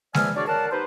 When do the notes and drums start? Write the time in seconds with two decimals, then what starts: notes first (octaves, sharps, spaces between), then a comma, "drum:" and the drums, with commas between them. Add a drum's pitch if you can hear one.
0.14 E2 F3 D5 E5 G#5 F6, drum: snare G#3
0.35 F#3 D4 G#4 A#4 C#5 D5
0.48 A#4 C#5 D5 F5 F#5 A5
0.71 B3 D#4 G4 B4 C5